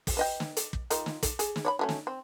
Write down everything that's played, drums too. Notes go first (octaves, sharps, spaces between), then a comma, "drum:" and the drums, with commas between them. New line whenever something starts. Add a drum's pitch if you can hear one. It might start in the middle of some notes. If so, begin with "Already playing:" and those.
drum: kick, open hi-hat
B4 D#5 G5
drum: snare
drum: hi-hat
drum: kick
D#3 D#4 F4, drum: hi-hat
drum: snare
drum: kick, hi-hat
G#4, drum: hi-hat
drum: snare
C#5 D5 B5
F#3 A3 C#4
drum: snare
C4